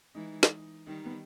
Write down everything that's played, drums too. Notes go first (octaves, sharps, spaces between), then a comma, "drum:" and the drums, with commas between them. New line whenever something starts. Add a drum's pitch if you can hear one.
E3 G#3 D#4
drum: snare
D#3 G3 D#4
B3